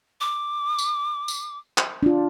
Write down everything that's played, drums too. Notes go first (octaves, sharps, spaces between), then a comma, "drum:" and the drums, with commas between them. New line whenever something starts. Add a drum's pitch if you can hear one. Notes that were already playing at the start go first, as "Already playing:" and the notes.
D6
drum: tambourine
drum: tambourine
drum: clap
D4 F4